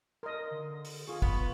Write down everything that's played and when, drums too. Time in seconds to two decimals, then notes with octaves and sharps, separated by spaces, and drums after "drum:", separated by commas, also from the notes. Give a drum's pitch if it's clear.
0.23 A#4 D#5 C6
0.51 D3
0.85 drum: open hi-hat
1.08 F4 G#4 C#6
1.22 B3, drum: kick